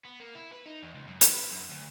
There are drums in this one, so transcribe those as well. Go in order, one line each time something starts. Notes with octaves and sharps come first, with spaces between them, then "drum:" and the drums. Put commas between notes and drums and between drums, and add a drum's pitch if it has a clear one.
B3
A#3
E4
B4
D#4
E2
C#2
F#2
D3, drum: hi-hat
B4
F#2
D2